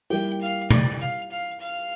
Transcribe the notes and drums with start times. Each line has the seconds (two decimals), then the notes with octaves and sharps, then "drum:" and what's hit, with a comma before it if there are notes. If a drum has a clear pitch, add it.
0.10 G3 A#3 E4 G4 G5
0.41 F5
0.70 D5, drum: tom C3
1.01 F5
1.31 F5
1.60 F5